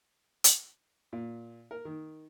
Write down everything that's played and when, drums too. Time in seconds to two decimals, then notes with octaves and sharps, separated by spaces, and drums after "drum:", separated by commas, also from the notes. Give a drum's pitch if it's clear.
0.44 drum: hi-hat
1.13 A#2
1.71 A#4
1.85 D#3